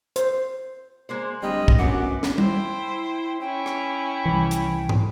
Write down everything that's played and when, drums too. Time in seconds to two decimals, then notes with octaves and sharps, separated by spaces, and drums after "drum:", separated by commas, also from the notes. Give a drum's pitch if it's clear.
0.16 C5, drum: hi-hat
1.09 G#3 A#3 C5
1.42 D1 G3 D#5
1.68 drum: kick
1.78 F#2 F#3 B3 F#5 D6
2.23 drum: snare
2.38 E4 C5 G5, drum: tom G3
3.41 C#4 E4 G5
3.66 drum: rim click
4.25 C2 E3 B5
4.51 drum: hi-hat
4.89 drum: tom